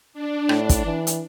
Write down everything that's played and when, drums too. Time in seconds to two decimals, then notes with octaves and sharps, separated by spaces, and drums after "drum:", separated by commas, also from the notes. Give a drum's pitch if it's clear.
0.13 D4
0.49 A2, drum: rim click
0.69 drum: kick, hi-hat
0.85 E3
1.07 drum: hi-hat